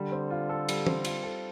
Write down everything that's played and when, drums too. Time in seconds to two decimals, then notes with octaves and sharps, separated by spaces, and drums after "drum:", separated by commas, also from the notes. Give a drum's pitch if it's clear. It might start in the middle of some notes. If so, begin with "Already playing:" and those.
Already playing: D3 G3
0.12 C4
0.30 F4
0.49 A4
0.69 G3, drum: cymbal
0.87 C4, drum: tom
1.05 F4, drum: cymbal
1.23 A4